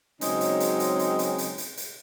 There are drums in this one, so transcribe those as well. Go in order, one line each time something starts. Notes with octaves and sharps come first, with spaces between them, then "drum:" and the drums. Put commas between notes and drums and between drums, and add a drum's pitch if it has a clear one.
C#3 F#3 G#3 C4 C#4 D#4, drum: hi-hat
drum: hi-hat
drum: hi-hat
drum: hi-hat
drum: hi-hat
drum: hi-hat
drum: hi-hat
drum: hi-hat
drum: hi-hat